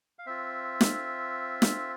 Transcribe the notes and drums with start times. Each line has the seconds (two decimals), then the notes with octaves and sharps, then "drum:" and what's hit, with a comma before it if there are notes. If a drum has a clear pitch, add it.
0.19 F5
0.26 C4 F4 E5
0.81 drum: snare
1.62 drum: snare